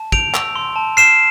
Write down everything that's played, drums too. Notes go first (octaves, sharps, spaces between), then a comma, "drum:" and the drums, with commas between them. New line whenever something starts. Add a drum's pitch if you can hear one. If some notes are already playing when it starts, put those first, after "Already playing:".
Already playing: A5
G6 D7 F7, drum: kick
E6, drum: clap
C6
A5
F6 C7 E7